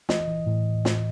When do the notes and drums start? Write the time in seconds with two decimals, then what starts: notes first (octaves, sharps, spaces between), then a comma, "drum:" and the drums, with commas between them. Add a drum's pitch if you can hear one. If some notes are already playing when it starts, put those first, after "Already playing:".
0.09 E3 D#5, drum: snare
0.28 E3
0.46 A2
0.85 drum: snare